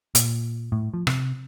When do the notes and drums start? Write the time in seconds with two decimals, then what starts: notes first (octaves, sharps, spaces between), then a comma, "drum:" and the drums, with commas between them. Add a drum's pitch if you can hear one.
0.15 A#2, drum: hi-hat
0.72 A2
0.94 F3
1.07 C3, drum: rim click